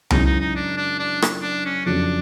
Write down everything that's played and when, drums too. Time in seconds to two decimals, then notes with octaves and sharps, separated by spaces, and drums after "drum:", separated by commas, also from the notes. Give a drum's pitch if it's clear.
0.10 F#2 C#3 E3 G#3 D#4, drum: tom C2
0.25 D#4
0.40 D#4
0.55 D4
0.77 D4
0.99 D4
1.22 drum: rim click
1.42 D4
1.65 C#4
1.86 F2 C#3 F#3 D4